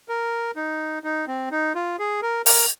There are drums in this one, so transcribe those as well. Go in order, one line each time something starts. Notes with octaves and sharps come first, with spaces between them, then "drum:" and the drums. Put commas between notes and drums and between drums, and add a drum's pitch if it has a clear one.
A#4
D#4
D#4
C4
D#4
F4
G#4
A#4
A#4, drum: open hi-hat